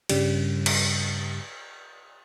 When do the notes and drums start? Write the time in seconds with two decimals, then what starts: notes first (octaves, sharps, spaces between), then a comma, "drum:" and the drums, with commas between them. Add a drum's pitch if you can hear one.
0.09 G2 C#3 G3, drum: cymbal
0.66 drum: cymbal